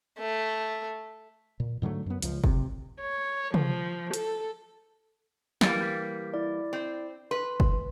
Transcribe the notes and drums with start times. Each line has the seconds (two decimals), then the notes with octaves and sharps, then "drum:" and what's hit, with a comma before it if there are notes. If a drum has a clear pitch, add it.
0.19 A3
1.60 A#2
1.82 G#2 D3 F#3 A3
2.06 F#2 B3
2.22 C#2 F3, drum: hi-hat
2.44 C3, drum: kick
3.01 C#5
3.54 F3, drum: tom
4.13 A4, drum: hi-hat
5.61 E3 G3 A#3 A6, drum: snare
5.79 G4 G6 B6
6.34 E4 D5
6.73 C4
7.31 B4 C6
7.60 drum: kick